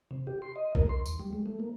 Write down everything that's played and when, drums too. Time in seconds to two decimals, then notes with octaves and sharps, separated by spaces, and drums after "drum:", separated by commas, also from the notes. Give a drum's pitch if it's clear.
0.11 C3
0.27 G4
0.42 C6
0.56 D#5
0.75 A#4, drum: kick B1
0.89 C6
1.06 D#2, drum: tambourine
1.19 G3
1.33 G#3
1.46 A3
1.60 A#3